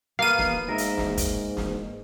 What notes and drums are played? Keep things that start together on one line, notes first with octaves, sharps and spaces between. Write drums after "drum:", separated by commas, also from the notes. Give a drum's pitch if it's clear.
A#3 B3 F5 D#7
drum: snare
G#2 A#4 E5
drum: hi-hat
drum: snare
drum: kick, hi-hat
drum: snare